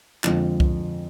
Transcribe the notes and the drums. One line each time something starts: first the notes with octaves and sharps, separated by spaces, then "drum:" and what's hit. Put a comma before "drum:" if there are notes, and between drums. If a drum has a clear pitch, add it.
F2 D3 G#3 C4 F4, drum: clap
drum: kick C2